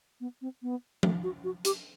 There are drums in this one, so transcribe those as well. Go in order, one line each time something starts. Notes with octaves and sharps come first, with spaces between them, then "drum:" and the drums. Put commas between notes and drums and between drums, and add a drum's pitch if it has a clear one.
B3
C4
B3
A3, drum: tom F3
F#4
F#4
G4, drum: hi-hat